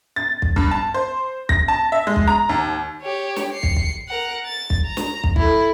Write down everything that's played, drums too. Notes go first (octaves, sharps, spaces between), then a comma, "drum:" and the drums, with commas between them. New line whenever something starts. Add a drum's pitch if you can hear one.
A6
drum: kick
G2, drum: kick
A5
C5
A#6, drum: kick
A5
E5
G#3
drum: kick
A#5
D#2
G4 C#5
drum: snare
C7 C#7
drum: kick
drum: kick
A#4 F#5
A6
drum: kick
A#5
drum: snare
drum: kick
E4 A4, drum: kick